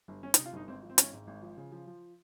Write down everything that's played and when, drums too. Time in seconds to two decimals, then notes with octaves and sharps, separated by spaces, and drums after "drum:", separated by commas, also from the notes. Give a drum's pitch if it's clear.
0.08 G1
0.23 G1 C#4
0.34 D#4, drum: hi-hat
0.38 C3
0.46 F4
0.53 G1 D#4
0.68 G#1 C4
0.83 F3
0.90 C4
0.98 G#1 C#4, drum: hi-hat
1.13 G#2
1.27 G#1
1.42 F3
1.57 C#3
1.72 F3
1.87 F3